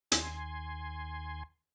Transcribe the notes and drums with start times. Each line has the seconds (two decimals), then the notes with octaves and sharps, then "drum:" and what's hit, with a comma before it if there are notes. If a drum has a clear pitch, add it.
0.12 D#2 G#5 C6, drum: hi-hat